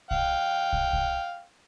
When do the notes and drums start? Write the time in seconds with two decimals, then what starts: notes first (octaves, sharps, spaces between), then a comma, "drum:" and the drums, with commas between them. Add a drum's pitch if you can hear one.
0.11 F5 G5, drum: kick
0.73 drum: kick
0.93 drum: kick